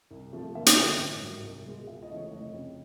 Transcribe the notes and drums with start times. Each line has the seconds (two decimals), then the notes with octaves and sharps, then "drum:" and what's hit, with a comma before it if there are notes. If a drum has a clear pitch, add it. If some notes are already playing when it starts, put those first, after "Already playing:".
0.11 C2
0.33 C3 F3 A3
0.55 D#2 E5
0.66 drum: hi-hat
0.77 D3 F#3 A3
0.99 A1
1.21 G#2 D#3 F#3
1.43 C2
1.65 B2 G#3
1.87 C#2 E5
2.02 D#5
2.10 C#3 E3 A3
2.17 C#5
2.31 F1 D#5
2.54 F2 C#3